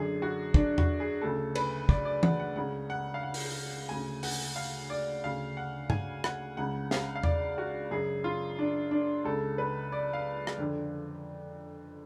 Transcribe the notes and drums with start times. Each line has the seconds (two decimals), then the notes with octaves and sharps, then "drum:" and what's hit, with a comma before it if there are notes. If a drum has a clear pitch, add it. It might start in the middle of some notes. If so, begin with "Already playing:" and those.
Already playing: F#2 D3 G#4
0.22 F#4
0.54 D4, drum: kick
0.78 F#4, drum: tom E2
1.00 G#4
1.21 D2 C#3 A4
1.55 B4, drum: cymbal
1.89 D5, drum: kick
2.05 D5
2.23 F#5, drum: tom E3
2.40 F#5
2.55 C#2 C#3 F#5
2.90 F#5
3.14 F5
3.23 F#5
3.34 drum: open hi-hat
3.89 D2 C#3 G#5
4.23 F#5, drum: open hi-hat
4.56 F5
4.90 D5
5.24 D2 C#3 F5
5.57 F#5
5.90 G#5, drum: tom G2
6.24 F#5, drum: rim click
6.57 C#2 C#3 F#5
6.91 F5, drum: snare
7.16 F5
7.23 D5, drum: tom E2
7.58 F#4
7.91 F#2 C#3 G#4
8.24 F4
8.58 D4
8.91 D4
9.24 C#2 C#3 A4
9.58 B4
9.92 D5
10.13 F5
10.47 drum: rim click
10.58 F2 D3